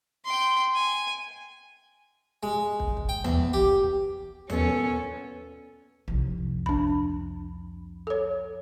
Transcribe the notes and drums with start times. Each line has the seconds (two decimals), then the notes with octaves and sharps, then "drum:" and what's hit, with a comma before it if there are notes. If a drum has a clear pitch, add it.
0.25 G5 C6
0.75 G#5
2.43 G#3
2.80 drum: kick
2.97 drum: kick
3.09 G5
3.25 E2, drum: tom D#2
3.53 G4, drum: kick
4.50 A#2 B3 C#4 A4 C#5, drum: tom D#2
6.08 C2 F2, drum: kick
6.66 D4 B5, drum: kick
8.07 A4 C#5